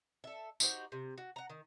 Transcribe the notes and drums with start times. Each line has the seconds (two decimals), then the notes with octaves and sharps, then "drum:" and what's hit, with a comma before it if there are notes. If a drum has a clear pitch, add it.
0.24 A4 E5
0.60 D#4 F#4 G4 C5, drum: tambourine
0.92 C3
1.18 F#4
1.36 F#5 A#5
1.50 D#3